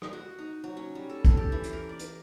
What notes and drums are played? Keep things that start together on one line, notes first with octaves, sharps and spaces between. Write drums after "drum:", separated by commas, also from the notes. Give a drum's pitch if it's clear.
drum: rim click
F#4
D#4
F#3
C#4
G3
A4
A4, drum: kick, hi-hat
G4
E3
drum: hi-hat
A#4
D5
drum: hi-hat